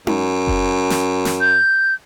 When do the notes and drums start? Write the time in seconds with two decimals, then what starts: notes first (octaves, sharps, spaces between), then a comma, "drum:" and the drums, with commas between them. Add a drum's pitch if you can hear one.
0.07 F#2, drum: tom D#4
0.47 drum: kick F#1
0.90 drum: snare
1.25 drum: snare
1.41 G6